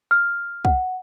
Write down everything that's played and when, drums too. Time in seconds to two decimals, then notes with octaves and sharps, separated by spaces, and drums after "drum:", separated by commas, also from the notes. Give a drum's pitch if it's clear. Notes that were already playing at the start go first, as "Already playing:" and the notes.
0.11 F6
0.65 F#5, drum: kick